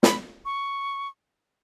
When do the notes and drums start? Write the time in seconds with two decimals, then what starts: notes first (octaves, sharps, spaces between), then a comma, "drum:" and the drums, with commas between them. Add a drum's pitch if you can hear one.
0.03 B5, drum: snare
0.45 C#6